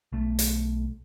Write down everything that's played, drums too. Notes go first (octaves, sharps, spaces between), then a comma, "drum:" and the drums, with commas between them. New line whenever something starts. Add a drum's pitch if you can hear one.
B1 A3
drum: hi-hat